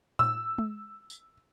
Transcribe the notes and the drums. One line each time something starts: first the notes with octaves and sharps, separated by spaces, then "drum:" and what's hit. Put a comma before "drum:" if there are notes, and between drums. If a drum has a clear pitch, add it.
E6, drum: tom A2
drum: tom G#3
drum: tambourine